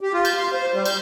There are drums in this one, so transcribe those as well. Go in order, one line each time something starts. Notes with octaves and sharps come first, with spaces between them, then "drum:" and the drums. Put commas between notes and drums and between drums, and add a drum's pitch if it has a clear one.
G4
F4
G6, drum: cymbal
C6
C5
G3
G6, drum: cymbal